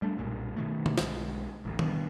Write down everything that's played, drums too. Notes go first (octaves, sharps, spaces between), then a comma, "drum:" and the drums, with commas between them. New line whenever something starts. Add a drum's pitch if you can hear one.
G3 A3 D4
B1 G2 A#2
B2 D#3 A3
drum: tom D3
B1 G#3, drum: snare
A1 D2
G2 B2, drum: tom D#3